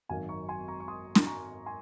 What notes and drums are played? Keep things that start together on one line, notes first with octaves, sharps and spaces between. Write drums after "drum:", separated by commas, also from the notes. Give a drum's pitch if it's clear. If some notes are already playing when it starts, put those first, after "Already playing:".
G#1 F#2 D#3 F#3 F5 G#5
A#5 C#6
G#5 C6
A#5 C#6
C#6
C6 D#6
drum: snare
A#5 C#6
G#5 C6